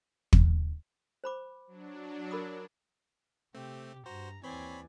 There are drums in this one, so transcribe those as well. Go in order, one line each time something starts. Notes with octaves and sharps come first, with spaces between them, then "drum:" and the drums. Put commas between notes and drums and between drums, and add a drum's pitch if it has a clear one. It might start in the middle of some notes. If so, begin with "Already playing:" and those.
drum: kick
C5 B5 D6
F#3 D4
A#4 B5 D#6
C3 A3 C4 G4
G2 F#4 C5 A#5
D#2 E3 C4 C#5 D5 G#5 B5